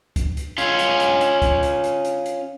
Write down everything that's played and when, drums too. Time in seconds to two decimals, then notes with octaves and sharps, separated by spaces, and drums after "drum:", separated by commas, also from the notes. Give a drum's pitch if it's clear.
0.16 drum: kick C#2, hi-hat
0.37 drum: hi-hat
0.58 C#4 F4, drum: hi-hat
0.79 drum: hi-hat
1.00 drum: hi-hat
1.21 drum: hi-hat
1.42 drum: kick C#2, hi-hat
1.63 drum: hi-hat
1.84 drum: hi-hat
2.05 drum: hi-hat
2.26 drum: hi-hat